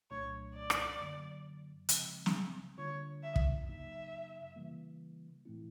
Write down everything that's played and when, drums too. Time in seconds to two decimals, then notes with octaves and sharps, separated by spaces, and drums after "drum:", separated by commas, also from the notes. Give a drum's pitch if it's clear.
0.10 C2 A#2 F#3 A3 D4 C#5
0.55 D5
0.70 drum: rim click
1.00 F#2 D3 F#3 A#3
1.89 C#3 F3 G#3 C4, drum: hi-hat
2.26 drum: snare
2.78 D3 G3 A#3 D4 F4 C#5
3.23 E5
3.36 drum: kick
3.67 F#2 C#3 F#3 A#3 D#4 E5
4.56 C#3 E3 G3 A#3
5.45 A2 E3 A3 C4 E4